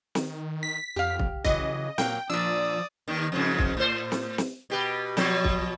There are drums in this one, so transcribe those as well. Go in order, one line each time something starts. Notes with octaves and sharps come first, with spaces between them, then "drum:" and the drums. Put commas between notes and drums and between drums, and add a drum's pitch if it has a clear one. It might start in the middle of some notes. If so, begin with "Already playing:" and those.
D#3, drum: snare
B6
F2 G4 F5
drum: kick
C#3 E3 F#3 D#5, drum: kick
A#2 F#3 A#3 G5, drum: snare
A#2 F3 D4 D5 D#6 E6
D#2 D#3
F2 G#2 C#3
drum: kick
A2 C5
drum: snare
drum: snare
B2 G4 B4
B2 F3 F#3, drum: snare
drum: kick